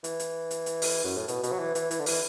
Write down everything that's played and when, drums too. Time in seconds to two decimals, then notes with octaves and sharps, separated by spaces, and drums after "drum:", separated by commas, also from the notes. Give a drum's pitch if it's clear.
0.04 E3, drum: hi-hat
0.19 drum: hi-hat
0.51 drum: hi-hat
0.66 drum: hi-hat
0.82 drum: open hi-hat
1.05 F#2
1.17 A2
1.28 B2, drum: hi-hat
1.43 B2, drum: hi-hat
1.52 F#3
1.59 E3
1.75 E3, drum: hi-hat
1.91 E3, drum: hi-hat
2.00 D3
2.06 E3, drum: open hi-hat